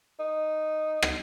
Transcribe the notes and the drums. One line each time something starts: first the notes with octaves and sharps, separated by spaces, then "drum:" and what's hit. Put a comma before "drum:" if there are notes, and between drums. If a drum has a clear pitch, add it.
D#4
drum: rim click